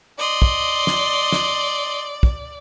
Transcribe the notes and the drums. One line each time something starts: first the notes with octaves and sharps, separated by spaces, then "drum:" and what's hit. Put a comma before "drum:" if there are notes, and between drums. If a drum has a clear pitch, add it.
D5 D#5 C6
drum: kick
drum: snare
drum: snare
drum: kick